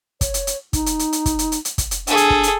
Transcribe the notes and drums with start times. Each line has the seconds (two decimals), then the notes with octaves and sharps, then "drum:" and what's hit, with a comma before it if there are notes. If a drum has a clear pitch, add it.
0.21 C#5, drum: kick, hi-hat
0.34 drum: hi-hat
0.47 drum: hi-hat
0.73 D#4, drum: kick, hi-hat
0.86 drum: hi-hat
0.99 drum: hi-hat
1.13 drum: hi-hat
1.26 drum: kick, hi-hat
1.39 drum: hi-hat
1.52 drum: hi-hat
1.65 drum: hi-hat
1.78 drum: kick, hi-hat
1.91 drum: hi-hat
2.07 D4 G#4 A4, drum: hi-hat
2.17 drum: hi-hat
2.30 drum: kick
2.43 drum: hi-hat